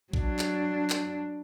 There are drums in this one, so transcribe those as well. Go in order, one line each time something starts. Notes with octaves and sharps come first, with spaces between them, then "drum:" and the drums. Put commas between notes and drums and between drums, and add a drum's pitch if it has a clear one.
F#3 D4, drum: kick
drum: clap
drum: clap